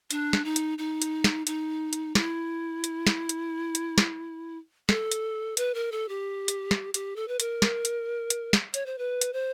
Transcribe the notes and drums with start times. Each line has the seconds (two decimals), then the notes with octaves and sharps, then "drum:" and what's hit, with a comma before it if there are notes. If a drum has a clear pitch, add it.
0.11 D4, drum: hi-hat
0.33 drum: snare
0.45 D#4
0.56 drum: hi-hat
0.78 D#4
1.02 drum: hi-hat
1.24 drum: snare
1.47 D#4, drum: hi-hat
1.93 drum: hi-hat
2.15 E4, drum: snare
2.84 drum: hi-hat
3.07 drum: snare
3.29 drum: hi-hat
3.75 drum: hi-hat
3.98 drum: snare
4.89 A4, drum: snare
5.12 drum: hi-hat
5.57 B4, drum: hi-hat
5.74 A#4
5.92 A4
6.09 G4
6.48 drum: hi-hat
6.71 drum: snare
6.94 G4, drum: hi-hat
7.16 A4
7.28 B4
7.40 A#4, drum: hi-hat
7.62 drum: snare
7.85 drum: hi-hat
8.30 drum: hi-hat
8.53 drum: snare
8.74 C#5, drum: hi-hat
8.86 C5
8.98 B4
9.21 drum: hi-hat
9.33 C5